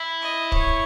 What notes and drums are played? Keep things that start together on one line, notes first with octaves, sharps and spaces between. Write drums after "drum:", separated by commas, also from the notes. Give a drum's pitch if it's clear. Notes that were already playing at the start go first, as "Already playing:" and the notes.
Already playing: E4
D#5
C#5, drum: kick